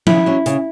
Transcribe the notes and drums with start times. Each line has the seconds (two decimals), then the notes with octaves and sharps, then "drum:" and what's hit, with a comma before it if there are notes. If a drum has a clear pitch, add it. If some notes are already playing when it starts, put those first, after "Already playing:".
0.07 C#3 E4, drum: tom F3
0.26 F#3 C#4
0.46 C#3, drum: hi-hat